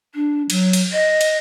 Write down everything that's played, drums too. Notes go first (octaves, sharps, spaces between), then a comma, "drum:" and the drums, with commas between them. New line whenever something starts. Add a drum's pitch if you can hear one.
D4
F#3, drum: cymbal
drum: cymbal
D#5
drum: cymbal